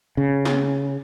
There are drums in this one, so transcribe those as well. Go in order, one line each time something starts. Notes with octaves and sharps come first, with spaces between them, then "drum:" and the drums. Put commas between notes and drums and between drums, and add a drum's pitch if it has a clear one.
C#3
drum: snare